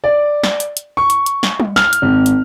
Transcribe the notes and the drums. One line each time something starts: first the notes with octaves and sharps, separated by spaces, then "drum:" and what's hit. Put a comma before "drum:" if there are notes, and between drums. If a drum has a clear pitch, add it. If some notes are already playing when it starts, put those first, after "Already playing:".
D5
drum: snare
drum: hi-hat
drum: hi-hat
C#6
drum: hi-hat
drum: hi-hat
drum: snare
drum: tom G3
F6, drum: snare
drum: hi-hat
G#1
drum: hi-hat